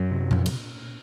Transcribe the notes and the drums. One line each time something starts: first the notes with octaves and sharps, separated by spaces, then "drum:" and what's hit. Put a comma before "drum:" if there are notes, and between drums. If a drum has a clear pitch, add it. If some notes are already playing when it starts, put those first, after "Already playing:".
Already playing: F#2 F#3
C3
F2, drum: tom A#2
drum: cymbal